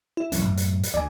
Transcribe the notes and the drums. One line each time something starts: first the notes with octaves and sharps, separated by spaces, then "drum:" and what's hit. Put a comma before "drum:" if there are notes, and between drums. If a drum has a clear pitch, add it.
E4
E1 F#3 C#4, drum: hi-hat
F#2 A2
drum: hi-hat
drum: hi-hat
D2 D5 G#5